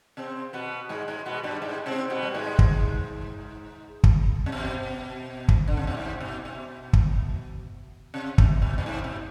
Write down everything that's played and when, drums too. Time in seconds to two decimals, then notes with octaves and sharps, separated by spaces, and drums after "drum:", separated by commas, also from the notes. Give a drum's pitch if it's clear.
0.17 C3 C4
0.53 B2 B3
0.89 G#2 G#3
1.08 G#2 G#3
1.26 B2 B3
1.43 G2 G3
1.62 G#2 G#3
1.86 C3 C4
2.10 B2 B3
2.22 G3
2.34 G#2 G#3
2.59 drum: kick
4.04 drum: kick
4.46 C3
4.52 B2
5.48 drum: kick
5.68 D3
5.77 C3
5.87 B2
5.97 G#2
6.21 B2
6.45 B2
6.93 drum: kick
8.14 C3
8.38 B2, drum: kick
8.62 B2
8.78 B2
8.86 G#2
9.04 B2